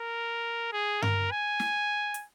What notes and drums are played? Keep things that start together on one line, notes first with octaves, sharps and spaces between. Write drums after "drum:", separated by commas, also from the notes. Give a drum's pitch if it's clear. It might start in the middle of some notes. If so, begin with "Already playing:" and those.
Already playing: A#4
G#4
A#4, drum: tom G2
G#5
drum: snare
drum: hi-hat